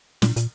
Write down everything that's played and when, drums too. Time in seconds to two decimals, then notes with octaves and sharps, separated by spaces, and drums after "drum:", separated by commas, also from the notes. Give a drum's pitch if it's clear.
0.22 A#2, drum: snare
0.36 A#2, drum: hi-hat